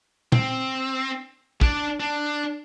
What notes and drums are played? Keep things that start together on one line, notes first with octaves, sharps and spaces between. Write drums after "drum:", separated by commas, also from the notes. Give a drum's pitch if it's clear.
C4, drum: tom
D4 D5, drum: kick
D4